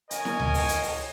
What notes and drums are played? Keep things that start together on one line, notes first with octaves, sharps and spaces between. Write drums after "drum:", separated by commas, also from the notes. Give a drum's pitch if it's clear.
A#4 C#5 D#5 G#5, drum: hi-hat
drum: snare E4
drum: tom C#2
drum: open hi-hat
drum: hi-hat
drum: open hi-hat